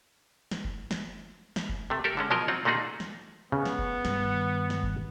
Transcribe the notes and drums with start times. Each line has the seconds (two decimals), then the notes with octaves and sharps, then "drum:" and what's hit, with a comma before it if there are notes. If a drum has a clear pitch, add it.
0.51 drum: snare
0.65 drum: kick F#1
0.91 drum: snare
1.56 drum: snare
1.69 drum: kick F#1
1.90 C3 A3
2.04 G4 A4 A#4
2.17 D3 G#3 C#4
2.30 B2 F3 F#3 A#4 D#5
2.48 F#3 C4 F4 F#5
2.65 A#2 A3 A#3 D#4 F#4 G#4
3.00 drum: snare
3.52 C#3 B3
3.65 drum: snare
3.79 drum: kick F#1
4.05 G2 D#3, drum: snare
4.70 drum: snare
4.83 drum: kick F#1